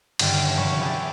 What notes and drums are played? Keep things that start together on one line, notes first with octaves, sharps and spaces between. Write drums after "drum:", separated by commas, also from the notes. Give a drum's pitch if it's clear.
G2 D3 D#3 C#4 A4 G5, drum: cymbal
F1 C#4 B5 C#6 D7
G#4 D5 E5 G5 A5